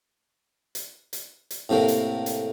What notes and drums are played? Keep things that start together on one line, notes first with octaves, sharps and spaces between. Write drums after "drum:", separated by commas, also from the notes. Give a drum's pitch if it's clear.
drum: hi-hat
drum: hi-hat
drum: hi-hat
A2 C3 A3 A#3
drum: hi-hat
drum: hi-hat